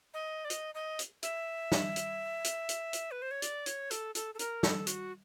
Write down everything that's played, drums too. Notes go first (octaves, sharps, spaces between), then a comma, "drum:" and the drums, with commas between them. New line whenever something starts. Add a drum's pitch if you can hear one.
D#5
D5
D#5, drum: hi-hat
D#5
drum: hi-hat
E5, drum: hi-hat
drum: snare
drum: hi-hat
drum: hi-hat
drum: hi-hat
drum: hi-hat
B4
C5
C#5
D5, drum: hi-hat
C#5, drum: hi-hat
A4, drum: hi-hat
A4, drum: hi-hat
A4
A#4, drum: hi-hat
A4, drum: snare
F#4, drum: hi-hat